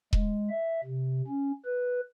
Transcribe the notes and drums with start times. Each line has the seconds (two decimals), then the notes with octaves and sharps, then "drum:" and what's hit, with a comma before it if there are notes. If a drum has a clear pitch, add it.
0.13 G#3, drum: kick E1
0.50 E5
0.84 C3
1.28 C#4
1.65 B4